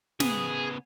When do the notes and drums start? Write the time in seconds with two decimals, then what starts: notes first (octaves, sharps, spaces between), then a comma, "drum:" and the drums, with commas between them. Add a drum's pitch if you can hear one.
0.20 C#3 B3 G#4, drum: snare